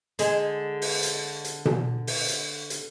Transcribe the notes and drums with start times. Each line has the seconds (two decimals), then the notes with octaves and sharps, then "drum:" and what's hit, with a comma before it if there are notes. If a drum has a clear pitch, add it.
0.19 D3 G#3, drum: hi-hat
0.82 drum: open hi-hat
1.03 drum: hi-hat
1.45 drum: hi-hat
1.65 drum: tom B2
2.07 drum: open hi-hat
2.28 drum: hi-hat
2.70 drum: hi-hat